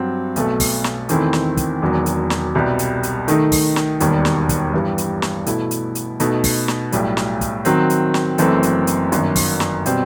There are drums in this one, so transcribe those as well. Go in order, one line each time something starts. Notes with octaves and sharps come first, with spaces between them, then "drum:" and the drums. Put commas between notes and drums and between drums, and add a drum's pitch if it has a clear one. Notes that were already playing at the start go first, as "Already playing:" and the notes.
Already playing: G2 F#3 C4 F#4
B1 B2 A3, drum: hi-hat
drum: kick, open hi-hat
drum: snare
E2 D#3 A3 C4 E4, drum: hi-hat
drum: snare
drum: kick, hi-hat
E1 E2 D#3 F#3
drum: hi-hat
drum: snare
C2 B2 G3
drum: hi-hat
drum: hi-hat
D#3 A3 D#4, drum: hi-hat
drum: kick, open hi-hat
drum: snare
E1 D#2 D#3 G3, drum: hi-hat
drum: snare
drum: kick, hi-hat
G2 E3 G3
drum: hi-hat
drum: snare
B2 A3 E4, drum: hi-hat
drum: hi-hat
drum: hi-hat
B2 A3 D#4, drum: hi-hat
drum: kick, open hi-hat
drum: snare
B1 A2 G3, drum: hi-hat
drum: snare
drum: kick, hi-hat
D#3 F#3 C4, drum: hi-hat
drum: hi-hat
drum: snare
F#1 F#2 E3 A3 C4, drum: hi-hat
drum: hi-hat
drum: hi-hat
G1 F#2 D#3, drum: hi-hat
drum: kick, open hi-hat
drum: snare
B2 G3 C4, drum: hi-hat